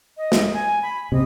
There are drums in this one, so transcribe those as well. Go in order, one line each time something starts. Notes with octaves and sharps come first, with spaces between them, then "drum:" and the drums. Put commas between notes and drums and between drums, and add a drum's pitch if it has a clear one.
D#5
drum: snare
G#5
B5
C3 D#5